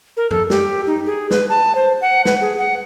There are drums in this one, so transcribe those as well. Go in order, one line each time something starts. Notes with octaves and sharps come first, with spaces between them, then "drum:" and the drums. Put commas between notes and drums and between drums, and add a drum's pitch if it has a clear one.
A#4
A4, drum: tom F#2
G4, drum: snare
D#4
G#4
B4, drum: snare
A5
C5
F#5
B4, drum: snare
G#4
F#5